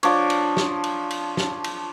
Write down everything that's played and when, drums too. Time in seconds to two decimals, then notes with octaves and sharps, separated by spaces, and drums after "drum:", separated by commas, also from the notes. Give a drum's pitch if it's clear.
0.03 F3 D4 C#5, drum: cymbal
0.30 drum: cymbal
0.57 drum: snare
0.84 drum: cymbal
1.10 drum: cymbal
1.37 drum: snare
1.64 drum: cymbal